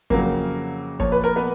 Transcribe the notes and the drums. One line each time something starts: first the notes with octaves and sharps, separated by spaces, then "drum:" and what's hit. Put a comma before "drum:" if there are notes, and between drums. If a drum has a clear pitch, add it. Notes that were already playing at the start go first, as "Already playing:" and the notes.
F2 C#3 F#3 A#3 A#4, drum: kick
A#2 F3 C#5, drum: kick
B4
A#4
B3 B4